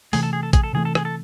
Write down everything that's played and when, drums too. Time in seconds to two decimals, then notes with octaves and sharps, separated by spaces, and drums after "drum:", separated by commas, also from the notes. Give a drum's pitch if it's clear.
0.13 C3 E3 A3 G#4, drum: open hi-hat
0.23 A4
0.33 G#4
0.43 A4
0.53 G#4, drum: kick, hi-hat
0.64 A4
0.73 C3 E3 A3 G#4
0.85 A4
0.95 G#4, drum: rim click
1.05 A4